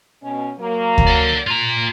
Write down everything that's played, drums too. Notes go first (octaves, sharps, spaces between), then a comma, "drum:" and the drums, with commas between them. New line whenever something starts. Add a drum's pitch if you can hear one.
B2 C#4
F#3 A#3
drum: kick
D5 F#5
F4 A#5